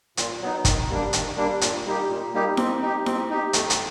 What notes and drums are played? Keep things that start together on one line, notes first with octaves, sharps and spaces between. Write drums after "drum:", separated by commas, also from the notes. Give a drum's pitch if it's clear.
A#2, drum: hi-hat
F#3 B3 D#4
D#3, drum: kick, hi-hat
G3 A#3 D4
D#3, drum: hi-hat
G3 A#3 D4
A#2, drum: hi-hat
G3 A#3 D#4 G4
A#2
G3 A#3 D#4 G4
C4, drum: snare E4
D#4 G4
C4, drum: snare E4
D#4 G4
A3, drum: hi-hat
drum: hi-hat